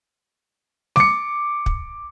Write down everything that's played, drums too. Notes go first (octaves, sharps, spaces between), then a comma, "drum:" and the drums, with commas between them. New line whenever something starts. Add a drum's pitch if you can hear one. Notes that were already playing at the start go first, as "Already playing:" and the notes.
D6 C#7, drum: snare G3
drum: kick